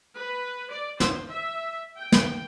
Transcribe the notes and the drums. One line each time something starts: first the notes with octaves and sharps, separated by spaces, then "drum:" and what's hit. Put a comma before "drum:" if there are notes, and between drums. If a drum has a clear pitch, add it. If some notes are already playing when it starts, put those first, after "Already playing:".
B4
D5
C5, drum: snare
E5
G5
drum: snare